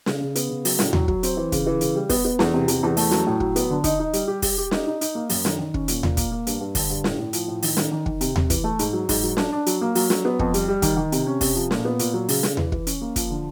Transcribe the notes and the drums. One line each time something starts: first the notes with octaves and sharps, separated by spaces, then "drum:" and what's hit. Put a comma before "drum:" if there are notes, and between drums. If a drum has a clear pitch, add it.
C#3, drum: snare
C#3
B3, drum: hi-hat
C#3
F#3, drum: open hi-hat
A2, drum: snare
F#3, drum: tom D#2
F#3, drum: kick
C4, drum: hi-hat
E3
C#3, drum: kick, hi-hat
E3
C#3, drum: hi-hat
G3
B3, drum: kick, open hi-hat
B3
E2, drum: snare
C3
E2, drum: hi-hat
E2
A3, drum: open hi-hat
F#3, drum: snare
A2
F#3, drum: kick
B3, drum: hi-hat
D3
D#4, drum: kick, hi-hat
D#4
G3, drum: hi-hat
G4
G4, drum: kick, open hi-hat
G4
D#4, drum: snare
D#4
D#4, drum: hi-hat
A#3
F#2, drum: open hi-hat
D#3, drum: snare
D#3
C#4, drum: kick
A#2, drum: hi-hat
A#2, drum: tom D#2
A#3, drum: kick, hi-hat
A#3
G2, drum: hi-hat
G2
D3, drum: kick, open hi-hat
G2
A2, drum: snare
A2
F3, drum: hi-hat
A2
D#3, drum: open hi-hat
D#3, drum: snare
D#3
D#3, drum: kick
C3, drum: hi-hat
C3, drum: tom D#2
E3, drum: kick, hi-hat
A3
G#2, drum: hi-hat
F#3
G#2, drum: kick, open hi-hat
F#3
D4, drum: snare
D4
F#3, drum: hi-hat
A#3
F#3, drum: open hi-hat
F#3, drum: snare
B3
F2, drum: kick
G3, drum: hi-hat
G3
D#3, drum: kick, hi-hat
D#3
C3, drum: hi-hat
C#4
C3, drum: kick, open hi-hat
F3
A#2, drum: snare
B3
A#2, drum: hi-hat
F#3
C#3, drum: open hi-hat
C#3, drum: snare
E3, drum: tom D#2
E3, drum: kick
C#4, drum: hi-hat
A#3
F3, drum: kick, hi-hat
D3